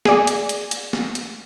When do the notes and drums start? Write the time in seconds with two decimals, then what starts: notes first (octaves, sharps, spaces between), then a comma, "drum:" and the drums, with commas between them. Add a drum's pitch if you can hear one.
0.05 G#4 D5, drum: snare
0.27 drum: hi-hat
0.49 drum: hi-hat
0.71 drum: hi-hat
0.93 drum: snare
1.15 drum: hi-hat